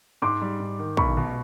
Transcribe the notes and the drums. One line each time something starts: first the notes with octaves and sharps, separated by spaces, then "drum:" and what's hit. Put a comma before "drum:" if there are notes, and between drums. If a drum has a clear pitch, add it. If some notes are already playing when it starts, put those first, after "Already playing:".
G#2 C6 D6
G3
G#2
D#3
B1 B5 C#6, drum: kick
B2